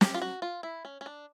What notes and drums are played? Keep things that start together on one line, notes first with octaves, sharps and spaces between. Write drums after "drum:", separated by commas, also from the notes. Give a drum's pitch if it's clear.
G4, drum: snare
F4
F#4
F4
E4
C#4
C#4
D4